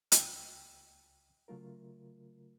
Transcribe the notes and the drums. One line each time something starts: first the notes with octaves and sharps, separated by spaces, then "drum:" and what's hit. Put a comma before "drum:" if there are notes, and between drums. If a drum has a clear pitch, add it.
C#2 G5 E6, drum: hi-hat
C#3 F#3 A3 F4 A#4